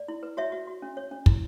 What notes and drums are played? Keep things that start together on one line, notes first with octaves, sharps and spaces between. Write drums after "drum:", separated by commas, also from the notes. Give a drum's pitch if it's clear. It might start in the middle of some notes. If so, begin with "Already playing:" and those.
Already playing: D5
E4
B4
F#4 C#5 E5
F#4
F#4
C#4
C#5
C#4
E4, drum: kick